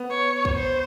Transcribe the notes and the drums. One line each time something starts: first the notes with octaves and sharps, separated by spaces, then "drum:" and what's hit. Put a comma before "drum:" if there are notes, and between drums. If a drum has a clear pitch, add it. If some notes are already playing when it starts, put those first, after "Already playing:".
Already playing: B3
C#5
drum: kick
C5